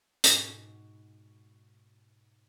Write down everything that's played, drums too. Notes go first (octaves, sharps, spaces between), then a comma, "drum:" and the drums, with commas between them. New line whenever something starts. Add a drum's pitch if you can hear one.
G#2 B2 F#4, drum: hi-hat